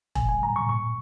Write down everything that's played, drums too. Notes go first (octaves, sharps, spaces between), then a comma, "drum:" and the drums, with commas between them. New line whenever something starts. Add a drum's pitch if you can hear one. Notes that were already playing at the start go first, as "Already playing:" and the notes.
A#2 G#5, drum: kick E1
G#5
A#2 A#5
C#6
A#2 C#6